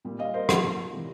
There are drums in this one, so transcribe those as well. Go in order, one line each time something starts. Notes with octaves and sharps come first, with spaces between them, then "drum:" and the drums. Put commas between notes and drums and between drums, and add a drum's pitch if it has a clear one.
A#2 G3
D#5 F5
A#4 C5
A#2 F3, drum: rim click
C3 E3 G3